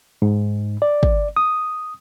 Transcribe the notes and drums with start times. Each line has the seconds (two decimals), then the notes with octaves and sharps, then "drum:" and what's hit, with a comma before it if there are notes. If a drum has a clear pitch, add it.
0.22 G#2
0.82 D5
1.03 drum: kick
1.36 D#6